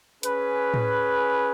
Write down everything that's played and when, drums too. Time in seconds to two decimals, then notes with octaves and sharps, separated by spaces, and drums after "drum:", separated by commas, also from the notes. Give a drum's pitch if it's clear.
0.23 C#4 G#4 B4, drum: hi-hat
0.74 drum: tom A2